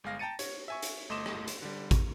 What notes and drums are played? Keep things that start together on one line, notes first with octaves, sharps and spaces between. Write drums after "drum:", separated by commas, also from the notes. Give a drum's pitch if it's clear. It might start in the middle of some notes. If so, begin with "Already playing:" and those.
G1 G#3 F5 A#6
G5 A5 A#5 A6 C#7 D#7
C#5, drum: hi-hat
E5 G#5 C#6
drum: hi-hat
G1 A3 D#5 C6 D6 E7
drum: rim click
drum: hi-hat
D3 G3
drum: kick A1, hi-hat